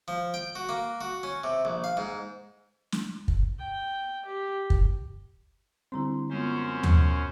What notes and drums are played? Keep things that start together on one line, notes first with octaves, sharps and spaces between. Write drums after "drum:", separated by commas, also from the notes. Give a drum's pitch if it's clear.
F3
G5
F#4
A#3
F#4
C#4
C3
A#1
F5
G#2
drum: snare
drum: kick
G5
G4
drum: kick
D3 G3 C4 E4 A#5 C6
F#2 G#3 B3 C#4 F4 C5
drum: tom D#2